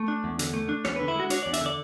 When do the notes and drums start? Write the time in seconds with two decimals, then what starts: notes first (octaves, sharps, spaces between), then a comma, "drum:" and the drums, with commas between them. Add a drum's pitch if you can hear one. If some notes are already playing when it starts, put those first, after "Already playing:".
Already playing: A3
0.08 D4
0.24 E2
0.39 D3, drum: hi-hat
0.54 A3
0.69 D4
0.85 E2 C#5, drum: rim click
0.96 D3 B4
1.08 E4
1.16 G#3 F#4
1.30 D4 C#5, drum: hi-hat
1.43 E2 D5
1.54 E5, drum: hi-hat
1.61 D3 D5